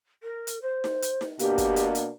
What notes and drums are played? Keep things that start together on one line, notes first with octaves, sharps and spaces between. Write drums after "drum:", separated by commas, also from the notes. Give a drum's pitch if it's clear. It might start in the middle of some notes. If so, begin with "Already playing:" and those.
A#4
drum: hi-hat
C5
drum: snare D#4
drum: hi-hat
drum: snare D#4
B2 A#3 D4 G4, drum: hi-hat
drum: kick, hi-hat
drum: hi-hat
drum: hi-hat